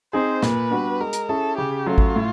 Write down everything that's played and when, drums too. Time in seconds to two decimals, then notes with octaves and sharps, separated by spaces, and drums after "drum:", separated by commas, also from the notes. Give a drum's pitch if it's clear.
0.13 C4 D#4 G#4 C5
0.42 A#2 B4, drum: snare
0.71 G3 B3 D4 F#4
1.00 G#3 A#4
1.13 drum: hi-hat
1.29 C#4 E4 G#4 A4
1.58 C#3 G4
1.86 F#3 A3 C#4 F4
1.98 drum: kick G#1
2.16 A2